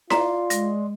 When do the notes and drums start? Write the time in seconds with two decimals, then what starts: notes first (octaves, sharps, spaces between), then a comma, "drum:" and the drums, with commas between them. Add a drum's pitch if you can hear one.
0.10 F4 D5 A#5 C6 B6, drum: snare E4
0.50 G#3 A#6, drum: hi-hat